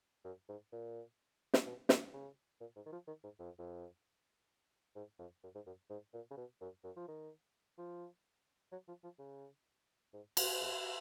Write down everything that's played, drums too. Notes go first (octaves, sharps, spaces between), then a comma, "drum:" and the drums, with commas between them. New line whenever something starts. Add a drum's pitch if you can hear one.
F#2
G#2
A#2
drum: snare
B2
A#2, drum: snare
C#3
A#2
G#2
D#3
F3
D#3
G#2
F2
F2
G#2
F2
F#2
G#2
F#2
G#2
A#2
C#3
B2
F#2
F#2
F3
D#3
F3
F#3
F3
F3
C#3
G#2
F#2, drum: cymbal
F2